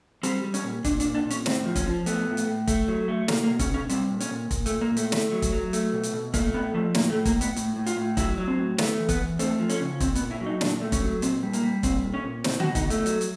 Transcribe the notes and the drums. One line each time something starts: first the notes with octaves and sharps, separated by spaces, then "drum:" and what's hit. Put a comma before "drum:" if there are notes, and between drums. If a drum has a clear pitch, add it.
G3 C4, drum: hi-hat
G3
C#4, drum: hi-hat
A#2
A#2 D4, drum: kick, hi-hat
D4, drum: hi-hat
A#2
D4
A#2
C#4, drum: hi-hat
A2 C4, drum: snare
F3
C#4, drum: kick, hi-hat
F3
A3 B3, drum: hi-hat
A2
drum: hi-hat
A2
A3, drum: kick, hi-hat
F#3
A3
B2 A#3, drum: snare
A#3
B2
C#4, drum: kick, hi-hat
B2 C#4
G3 C4, drum: hi-hat
A#2
C#4, drum: hi-hat
A#2
A#2, drum: kick, hi-hat
A3, drum: hi-hat
A#2
A#3
A#2
A3, drum: hi-hat
A3, drum: snare
F#3
drum: kick, hi-hat
F#3
A3, drum: hi-hat
B2
drum: hi-hat
B2
A3 A#3, drum: kick, hi-hat
A2 B3
F3 A3
A2 A#3, drum: snare
A3
A2
A#3, drum: kick, hi-hat
A2
B3, drum: hi-hat
A2, drum: hi-hat
A2
F4, drum: hi-hat
A2
F#3 E4, drum: kick, hi-hat
F#3
C4
A2
A3 B3, drum: snare
E2
B3, drum: kick, hi-hat
E2
A3 C4, drum: hi-hat
F3
C#4, drum: hi-hat
C#3
A#2 C4, drum: kick, hi-hat
B3, drum: hi-hat
A#2
E4
F#3
D#4
A#2 D4, drum: snare
A3
C#4, drum: kick, hi-hat
F#3
A#2 C4, drum: hi-hat
G3
A#3, drum: hi-hat
G3
A#2 C4, drum: kick, hi-hat
A#2
C#4
A#2
B2 C4, drum: snare
F#4, drum: tom D3
B2
D#4, drum: kick, hi-hat
B2
A3, drum: hi-hat
F#3, drum: hi-hat
drum: hi-hat